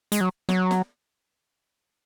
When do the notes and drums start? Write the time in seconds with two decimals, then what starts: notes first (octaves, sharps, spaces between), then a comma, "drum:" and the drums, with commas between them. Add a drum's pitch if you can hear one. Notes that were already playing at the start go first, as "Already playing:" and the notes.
0.12 G#3, drum: hi-hat
0.21 F#3
0.49 F#3, drum: snare
0.71 drum: snare